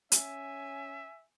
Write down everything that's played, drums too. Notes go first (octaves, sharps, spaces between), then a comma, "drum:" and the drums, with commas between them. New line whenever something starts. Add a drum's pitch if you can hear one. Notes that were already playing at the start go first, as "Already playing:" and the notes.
C#4 E5 G#5, drum: hi-hat